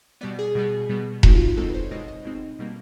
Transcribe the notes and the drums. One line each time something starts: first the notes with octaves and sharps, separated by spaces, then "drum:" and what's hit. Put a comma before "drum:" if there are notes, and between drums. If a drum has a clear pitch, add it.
B2 G3 B3 D5
G#4
B2 G3 B3
B2 G3 B3
B2 G#3 C4 D#4 F#4, drum: kick E1
F4
F4
B2 G#3 C4 D#4 A4
B4
C5
C#5
B2 G#3 C4 D#4 D#5
D#5
B2 G#3 C4 D#4
B2 G3 A#3